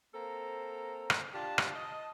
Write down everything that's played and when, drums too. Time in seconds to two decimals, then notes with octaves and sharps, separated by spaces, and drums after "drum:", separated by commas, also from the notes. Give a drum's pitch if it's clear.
0.15 A#3 C4 A4 A#5
1.10 drum: rim click
1.34 D4 F4 G4 A5
1.58 drum: rim click
1.74 D#5 A5